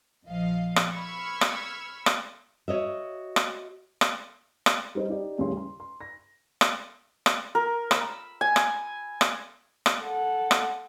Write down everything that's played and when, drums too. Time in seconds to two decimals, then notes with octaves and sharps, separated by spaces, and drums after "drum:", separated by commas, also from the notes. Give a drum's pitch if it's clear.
0.24 A#1 F3 D#5 F5
0.76 drum: rim click
0.90 B5 C#6 E6 F6 G#6
1.41 drum: rim click
2.06 drum: rim click
2.68 F#4 C#5 D#5 E5
3.36 drum: rim click
4.01 drum: rim click
4.66 drum: rim click
4.95 G3 D#4 C5 D#5
5.09 D#4 G4 D5
5.38 A1 D#2 C#3 G3 C6
5.57 C6
5.80 C6
6.01 A#6
6.61 drum: rim click
7.26 drum: rim click
7.55 A#4
7.91 B5 E6, drum: rim click
8.41 G#5
8.56 drum: rim click
9.21 drum: rim click
9.86 drum: rim click
10.02 A4 F#5
10.51 drum: rim click